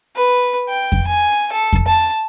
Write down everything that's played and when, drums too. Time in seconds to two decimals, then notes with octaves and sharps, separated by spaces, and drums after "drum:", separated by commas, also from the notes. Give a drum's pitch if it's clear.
0.16 B4
0.68 G5
0.92 drum: kick F2
1.07 G#5
1.52 A4
1.73 drum: kick F2
1.88 A5